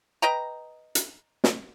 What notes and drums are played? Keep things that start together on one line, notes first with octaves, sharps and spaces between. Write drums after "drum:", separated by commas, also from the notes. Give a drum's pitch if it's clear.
B4 D#5 G5 A#5
drum: hi-hat
drum: snare